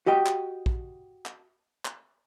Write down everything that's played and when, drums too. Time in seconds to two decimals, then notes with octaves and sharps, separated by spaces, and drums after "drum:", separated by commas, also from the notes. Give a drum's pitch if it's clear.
0.06 F#4 G4 D#5 G5
0.26 drum: clap
0.66 drum: kick A#1
1.26 drum: clap
1.85 drum: clap